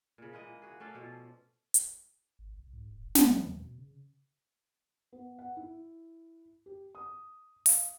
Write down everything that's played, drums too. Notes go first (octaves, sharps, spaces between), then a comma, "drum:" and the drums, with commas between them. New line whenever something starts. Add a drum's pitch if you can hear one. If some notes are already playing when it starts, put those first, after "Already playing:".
A#2 C#3
E3 G#3 A#3 D#5
F#4 G#4
A3 C#4 D5 F5
B2 F3
drum: hi-hat
G#1
C2
G#2
D#1
A1
A#1, drum: snare
C#3
E2
B2
C#3
B3
F#5
E4
G4
D#6
F5, drum: open hi-hat